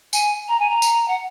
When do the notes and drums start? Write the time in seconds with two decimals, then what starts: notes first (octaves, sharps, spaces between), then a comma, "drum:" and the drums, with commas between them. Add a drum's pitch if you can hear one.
0.13 G#5, drum: tambourine
0.48 A#5
0.59 G#5
0.70 A#5
0.82 drum: tambourine
1.08 F#5